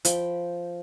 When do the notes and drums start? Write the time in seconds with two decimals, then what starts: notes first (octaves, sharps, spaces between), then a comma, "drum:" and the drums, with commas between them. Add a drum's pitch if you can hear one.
0.05 F3 G5 B5, drum: hi-hat